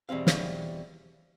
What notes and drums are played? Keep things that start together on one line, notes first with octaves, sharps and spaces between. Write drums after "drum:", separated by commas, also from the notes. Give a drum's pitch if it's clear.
E2 B2 G3 C4 F5
F5, drum: snare